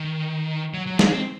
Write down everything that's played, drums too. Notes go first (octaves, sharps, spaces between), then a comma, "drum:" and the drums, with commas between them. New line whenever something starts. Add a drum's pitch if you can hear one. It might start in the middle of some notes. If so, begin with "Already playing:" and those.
Already playing: D#3
F#3
F#3
G#3, drum: snare
C4